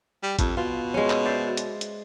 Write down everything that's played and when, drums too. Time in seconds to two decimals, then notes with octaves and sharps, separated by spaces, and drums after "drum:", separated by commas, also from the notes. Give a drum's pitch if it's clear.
0.23 G3
0.39 F2, drum: kick, hi-hat
0.57 B2 F4
0.94 G#3 C#4
1.10 drum: clap
1.25 C5 D5 E5
1.57 drum: hi-hat
1.81 drum: hi-hat